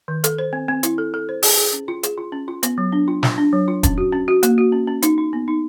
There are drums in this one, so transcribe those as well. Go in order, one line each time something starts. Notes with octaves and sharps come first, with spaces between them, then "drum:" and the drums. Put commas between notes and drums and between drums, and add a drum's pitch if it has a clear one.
D#3
A4, drum: hi-hat
C5
C4
C4
E4, drum: hi-hat
A4
A4
C5
G#4, drum: open hi-hat
G#4
C#4
F4
G#4, drum: hi-hat
F4
C#4
F4
B3, drum: hi-hat
F#3
D4
F4
F4, drum: snare
D4
F#3
F4
C#4, drum: kick E1, hi-hat
F#4
C#4
F#4
A#3, drum: hi-hat
F#4
C#4
C#4
D#4, drum: hi-hat
D#4
B3
D#4